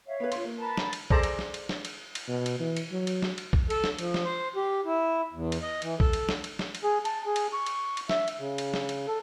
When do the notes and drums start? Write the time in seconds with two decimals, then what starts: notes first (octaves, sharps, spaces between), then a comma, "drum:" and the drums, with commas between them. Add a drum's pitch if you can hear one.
0.07 C#5 E5 F5
0.20 B3 B4
0.32 F4 C6, drum: cymbal
0.44 A#3
0.58 A#4 B4 A5
0.78 drum: snare
0.93 drum: cymbal
1.10 G#4 A4 C5 D5 A5 A#5, drum: kick B1
1.23 drum: cymbal
1.39 drum: snare
1.54 drum: cymbal
1.69 drum: snare
1.85 drum: cymbal
2.15 drum: cymbal
2.28 B2
2.46 drum: cymbal
2.60 E3
2.77 drum: cymbal
2.92 F#3
3.07 drum: cymbal
3.22 drum: snare
3.38 drum: cymbal
3.53 drum: kick B1
3.70 A4, drum: cymbal
3.84 drum: snare
3.99 F3, drum: cymbal
4.14 drum: snare
4.25 C5
4.56 G4
4.85 E4
5.33 E2
5.52 drum: cymbal
5.62 D#5
5.82 E3, drum: cymbal
6.00 A4, drum: kick B1
6.13 drum: cymbal
6.29 drum: snare
6.44 drum: cymbal
6.59 drum: snare
6.75 drum: cymbal
6.84 G#4
7.05 A5, drum: cymbal
7.26 G#4
7.36 drum: cymbal
7.53 C#6
7.66 drum: cymbal
7.97 drum: cymbal
8.09 E5, drum: snare
8.28 drum: cymbal
8.39 C#3
8.58 drum: cymbal
8.74 drum: snare
8.89 drum: cymbal
9.08 A4